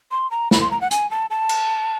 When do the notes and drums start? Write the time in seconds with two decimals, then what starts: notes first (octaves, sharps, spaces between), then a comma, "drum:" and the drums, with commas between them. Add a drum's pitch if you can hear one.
0.11 C6
0.31 A#5
0.51 B5, drum: snare
0.61 C6
0.71 A#5
0.81 F#5
0.91 G#5, drum: hi-hat
1.11 A5
1.30 A5
1.49 drum: cymbal